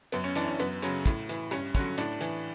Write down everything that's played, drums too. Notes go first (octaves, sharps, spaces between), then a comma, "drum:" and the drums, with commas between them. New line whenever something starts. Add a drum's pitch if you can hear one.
F#2 B3, drum: hi-hat
C#4
E3 D4, drum: hi-hat
C#4
F#2 B3, drum: hi-hat
C#3 F#3 C#4, drum: hi-hat
A2, drum: kick, hi-hat
E3, drum: hi-hat
G2 C#4, drum: hi-hat
D3 F#3 C#4, drum: kick, hi-hat
A2 D4, drum: hi-hat
E3, drum: hi-hat